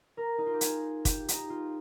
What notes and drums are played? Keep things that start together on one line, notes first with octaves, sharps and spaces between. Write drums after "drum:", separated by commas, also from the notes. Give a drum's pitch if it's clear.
A#4
D#4
F4
G4
G#4, drum: hi-hat
G4, drum: kick, hi-hat
D#4, drum: hi-hat
F4